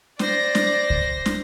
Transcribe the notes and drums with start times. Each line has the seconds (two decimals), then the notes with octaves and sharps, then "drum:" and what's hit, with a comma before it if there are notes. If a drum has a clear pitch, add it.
0.19 C5 D5 A#6, drum: snare
0.55 drum: snare
0.90 drum: kick C#2
1.26 drum: snare